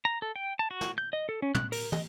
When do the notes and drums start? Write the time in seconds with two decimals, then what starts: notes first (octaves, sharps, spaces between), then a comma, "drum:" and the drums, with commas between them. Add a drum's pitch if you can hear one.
0.05 A#5
0.22 A4
0.36 G5
0.59 A5
0.71 F#4
0.81 drum: snare
0.98 G6
1.13 D#5
1.29 A4
1.42 C#4
1.55 F#6, drum: tom
1.72 A#4, drum: open hi-hat
1.92 D#5, drum: tom